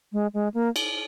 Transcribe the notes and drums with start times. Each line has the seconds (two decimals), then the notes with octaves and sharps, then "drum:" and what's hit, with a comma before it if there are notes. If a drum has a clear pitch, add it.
0.13 G#3
0.34 G#3
0.54 A#3
0.76 drum: cymbal